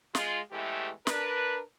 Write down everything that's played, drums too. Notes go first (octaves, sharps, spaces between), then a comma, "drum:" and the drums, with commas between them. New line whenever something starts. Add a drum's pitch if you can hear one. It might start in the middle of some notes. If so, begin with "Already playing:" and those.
G#3 F4, drum: snare
E2 A2 E3 G#3 A3 G4
D4 A#4 B4, drum: snare